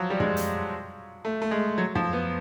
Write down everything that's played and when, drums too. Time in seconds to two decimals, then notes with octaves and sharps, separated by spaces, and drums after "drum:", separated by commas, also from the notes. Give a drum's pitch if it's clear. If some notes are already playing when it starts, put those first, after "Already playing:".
Already playing: F3 F#3
0.10 G3
0.20 G#3, drum: tom
0.37 drum: hi-hat
1.25 A3
1.42 A3
1.51 G#3
1.78 F#3
1.95 F3, drum: tom
2.13 B3